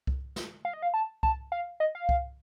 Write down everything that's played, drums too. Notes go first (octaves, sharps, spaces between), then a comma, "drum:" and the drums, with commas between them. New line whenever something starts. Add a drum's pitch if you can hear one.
drum: kick C2
drum: snare
F5
D#5
F5
A5
A5, drum: kick C2
F5
D#5
F5
drum: kick C2